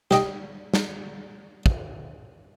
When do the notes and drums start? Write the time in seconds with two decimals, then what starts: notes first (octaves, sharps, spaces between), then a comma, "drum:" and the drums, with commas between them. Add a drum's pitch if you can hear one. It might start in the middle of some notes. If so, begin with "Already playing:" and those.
0.11 G4 D#5 G5, drum: snare
0.74 drum: snare
1.66 drum: kick